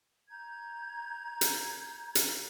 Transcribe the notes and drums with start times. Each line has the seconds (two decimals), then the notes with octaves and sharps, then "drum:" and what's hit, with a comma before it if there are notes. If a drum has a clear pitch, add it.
0.30 A#5 G6 G#6
1.41 drum: hi-hat
2.15 drum: hi-hat